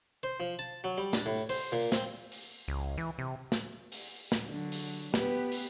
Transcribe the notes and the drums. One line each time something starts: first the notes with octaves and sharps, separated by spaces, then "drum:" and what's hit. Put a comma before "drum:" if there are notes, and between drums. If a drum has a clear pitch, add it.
C5
F3
A5
F#3
G3
D4, drum: snare
A2
C5, drum: open hi-hat
A#2
C4, drum: snare
drum: open hi-hat
C#2
E3
C3
drum: snare
drum: open hi-hat
drum: snare
D3 F#3
drum: open hi-hat
B3 G4, drum: snare
drum: open hi-hat